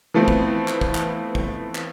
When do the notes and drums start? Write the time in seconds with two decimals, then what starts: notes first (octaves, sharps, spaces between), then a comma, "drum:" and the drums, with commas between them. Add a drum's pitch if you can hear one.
0.14 E3 F3 A3 B3 C4
0.28 drum: kick
0.68 drum: clap
0.81 drum: kick
0.95 drum: clap
1.35 drum: kick
1.75 drum: clap